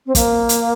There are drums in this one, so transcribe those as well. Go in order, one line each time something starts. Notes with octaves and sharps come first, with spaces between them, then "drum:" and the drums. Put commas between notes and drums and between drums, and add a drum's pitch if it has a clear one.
C4
A#3, drum: kick, hi-hat
drum: hi-hat